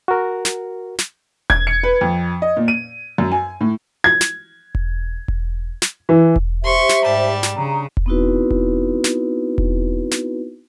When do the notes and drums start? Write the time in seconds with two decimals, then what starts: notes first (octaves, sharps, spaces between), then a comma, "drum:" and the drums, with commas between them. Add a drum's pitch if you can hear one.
0.08 F#4 A#4
0.45 drum: snare
0.99 drum: snare
1.50 G#6, drum: kick E1
1.67 C#7
1.83 B4
2.01 F2
2.42 D#5
2.57 A#2
2.68 D#7
3.18 F#2
3.32 G#5
3.61 A2
4.04 G#6
4.21 drum: snare
4.75 drum: kick E1
5.28 drum: kick E1
5.82 drum: snare
6.09 E3
6.36 drum: kick E1
6.63 G4 C5 E5 C6 C#6
6.89 drum: snare
7.03 G#2 G3 A5
7.43 drum: snare
7.57 C#3 D4 A#5
7.97 drum: kick E1
8.06 B3 C4 D#4 E4 F#4 B4
8.50 drum: kick E1
9.04 drum: snare
9.58 drum: kick E1
10.12 drum: snare